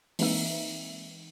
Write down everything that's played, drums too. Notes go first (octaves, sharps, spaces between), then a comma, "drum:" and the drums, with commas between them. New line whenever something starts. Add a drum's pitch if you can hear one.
E3 G#3 A#3 C4 D#4 E5, drum: open hi-hat